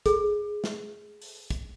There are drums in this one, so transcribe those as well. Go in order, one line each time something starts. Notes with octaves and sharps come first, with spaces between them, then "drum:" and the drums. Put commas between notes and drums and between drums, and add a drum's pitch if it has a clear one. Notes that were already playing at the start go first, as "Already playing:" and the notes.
G#4, drum: kick, hi-hat
drum: snare
drum: open hi-hat
drum: kick, hi-hat